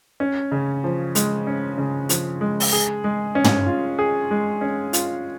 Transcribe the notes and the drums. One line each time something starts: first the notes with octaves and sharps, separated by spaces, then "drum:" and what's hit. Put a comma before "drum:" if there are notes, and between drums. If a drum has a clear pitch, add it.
C#4
C#3
F3
G#3, drum: hi-hat
C#4
C#3
F3, drum: hi-hat
G#3
drum: open hi-hat
G#4
G#3
C#4
drum: tom
F4
G#4
G#3
C#4
F4, drum: hi-hat